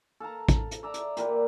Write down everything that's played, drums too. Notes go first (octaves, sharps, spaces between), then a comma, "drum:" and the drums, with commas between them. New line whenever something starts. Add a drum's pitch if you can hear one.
A4 F5 A5 A#5
drum: kick, hi-hat
drum: hi-hat
D5 E5 A#5
drum: hi-hat
A#2 G4 A#4 B4, drum: hi-hat